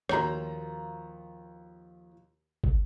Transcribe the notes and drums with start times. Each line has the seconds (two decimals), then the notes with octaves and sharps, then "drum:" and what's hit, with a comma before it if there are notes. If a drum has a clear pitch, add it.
0.09 D#2 F3 A#3 F#4 C#5 A#5, drum: rim click
2.64 drum: kick